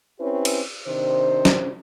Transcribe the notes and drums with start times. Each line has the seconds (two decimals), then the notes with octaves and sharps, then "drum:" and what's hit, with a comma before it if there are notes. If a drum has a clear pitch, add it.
0.20 C4 C#4 E4 G4 B4 C#5
0.45 drum: cymbal
0.87 C3 D#3 D4 C5
1.45 drum: snare